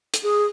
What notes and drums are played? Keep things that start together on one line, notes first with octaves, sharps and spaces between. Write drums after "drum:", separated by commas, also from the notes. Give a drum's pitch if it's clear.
drum: hi-hat
G#4